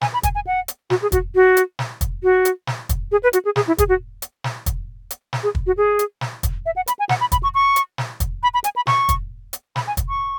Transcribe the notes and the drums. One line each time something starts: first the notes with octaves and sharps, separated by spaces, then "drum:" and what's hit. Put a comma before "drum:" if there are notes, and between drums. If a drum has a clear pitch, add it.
G#5, drum: snare
B5
G#5, drum: kick, hi-hat
G#5
F#5
drum: hi-hat
F#4, drum: snare
G#4
F#4, drum: kick, hi-hat
F#4
drum: hi-hat
drum: snare
drum: kick, hi-hat
F#4
drum: hi-hat
drum: snare
drum: kick, hi-hat
G#4
B4
F#4, drum: hi-hat
G#4
G#4, drum: snare
E4
G#4, drum: kick, hi-hat
F#4
drum: hi-hat
drum: snare
drum: kick, hi-hat
drum: hi-hat
drum: snare
G#4
drum: kick
F#4
G#4
drum: hi-hat
drum: snare
drum: kick, hi-hat
E5
F#5
B5, drum: hi-hat
G#5
F#5, drum: snare
B5
B5, drum: kick, hi-hat
C#6
C#6
drum: hi-hat
drum: snare
drum: kick, hi-hat
B5
B5
G#5, drum: hi-hat
B5
C#6, drum: snare
drum: kick, hi-hat
drum: hi-hat
B5, drum: snare
G#5
drum: kick, hi-hat
C#6